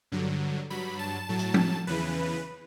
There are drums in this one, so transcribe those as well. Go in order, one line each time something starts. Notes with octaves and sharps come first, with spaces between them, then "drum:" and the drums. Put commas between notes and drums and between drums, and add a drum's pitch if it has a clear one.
G2 D3 F#3
G2 F#3 B5
A5
A2 F#3
drum: hi-hat
drum: tom
E2 C#3 E3 B4